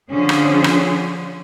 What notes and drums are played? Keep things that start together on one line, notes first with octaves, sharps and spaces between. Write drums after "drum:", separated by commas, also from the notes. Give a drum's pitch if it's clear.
D3 F3 C#4 G#4
drum: rim click
drum: rim click